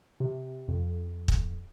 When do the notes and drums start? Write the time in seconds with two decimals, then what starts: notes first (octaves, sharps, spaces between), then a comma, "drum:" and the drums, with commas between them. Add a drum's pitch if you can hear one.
0.20 C3
0.68 F2
1.28 drum: kick